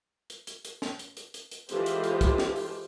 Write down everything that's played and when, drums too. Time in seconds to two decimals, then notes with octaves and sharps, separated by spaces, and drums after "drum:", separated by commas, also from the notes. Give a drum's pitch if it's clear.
0.30 drum: hi-hat
0.47 drum: hi-hat
0.65 drum: hi-hat
0.82 drum: snare
0.99 drum: hi-hat
1.17 drum: hi-hat
1.34 drum: hi-hat
1.51 drum: hi-hat
1.69 E3 G#3 F4 G4 A4 C5, drum: hi-hat
1.86 drum: hi-hat
2.04 drum: hi-hat
2.21 drum: kick, hi-hat
2.38 drum: snare
2.56 drum: open hi-hat